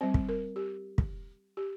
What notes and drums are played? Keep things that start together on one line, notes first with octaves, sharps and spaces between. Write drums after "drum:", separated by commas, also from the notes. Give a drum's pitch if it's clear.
G3 C4 C5
drum: kick
A#4
G4
drum: kick
G4